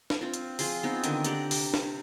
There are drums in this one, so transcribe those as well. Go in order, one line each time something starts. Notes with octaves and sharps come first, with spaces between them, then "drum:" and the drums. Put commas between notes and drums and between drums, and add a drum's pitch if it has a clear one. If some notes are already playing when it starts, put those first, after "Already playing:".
drum: snare
C4 F4
drum: hi-hat
F3 F4 G#4 C6, drum: open hi-hat
B3 C4 D#4
D3 D#3 D4 G#5, drum: hi-hat
G4 D5 F#5 A#5, drum: hi-hat
C3, drum: open hi-hat
drum: snare